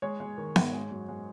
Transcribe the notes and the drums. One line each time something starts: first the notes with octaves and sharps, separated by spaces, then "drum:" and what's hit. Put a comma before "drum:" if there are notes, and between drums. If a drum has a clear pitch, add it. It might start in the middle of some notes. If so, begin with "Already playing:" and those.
G#3 C#5
G#3
D#3
G#2, drum: snare B3
G#3
F#2
G#3